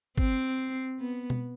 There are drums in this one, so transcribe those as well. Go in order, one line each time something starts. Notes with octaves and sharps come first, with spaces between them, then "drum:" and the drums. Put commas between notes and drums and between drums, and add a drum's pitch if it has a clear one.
C4, drum: kick
B3
drum: tom B2